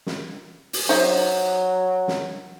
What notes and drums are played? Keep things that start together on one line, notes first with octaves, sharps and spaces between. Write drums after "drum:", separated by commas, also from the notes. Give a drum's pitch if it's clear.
drum: snare
drum: open hi-hat
F#3 D#4 C5 E5
drum: snare